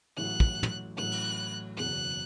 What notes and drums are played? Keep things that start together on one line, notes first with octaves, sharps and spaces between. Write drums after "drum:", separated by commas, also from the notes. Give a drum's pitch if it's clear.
A1 A2 F#3 F#6
drum: kick
drum: tom
A1 A2 F#3 F#6
drum: cymbal
F#1 E2 B2 F#3 F#6